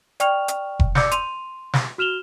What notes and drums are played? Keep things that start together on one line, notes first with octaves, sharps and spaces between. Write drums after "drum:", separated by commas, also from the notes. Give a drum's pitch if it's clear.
D5 G5 C#6 F6 F7, drum: hi-hat
drum: hi-hat
drum: kick F1
D5 D6 E6 G6 C#7, drum: snare
C6 D#7 F7, drum: hi-hat
drum: snare
F#4 F6 E7 F7 G7